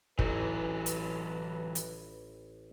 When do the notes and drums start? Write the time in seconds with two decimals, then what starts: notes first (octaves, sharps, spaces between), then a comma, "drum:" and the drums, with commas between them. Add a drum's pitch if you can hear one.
0.19 A1 E3 F#3 D#4 B4, drum: kick
0.86 drum: hi-hat
1.75 drum: hi-hat